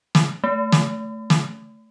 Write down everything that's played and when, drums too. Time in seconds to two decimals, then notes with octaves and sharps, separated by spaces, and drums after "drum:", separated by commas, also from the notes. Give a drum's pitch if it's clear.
0.15 drum: snare
0.44 A3
0.72 drum: snare
1.30 drum: snare